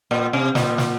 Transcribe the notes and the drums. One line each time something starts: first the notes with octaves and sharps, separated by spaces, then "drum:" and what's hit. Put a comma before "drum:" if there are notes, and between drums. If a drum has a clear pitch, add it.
A#2
C3
A#2, drum: snare
drum: snare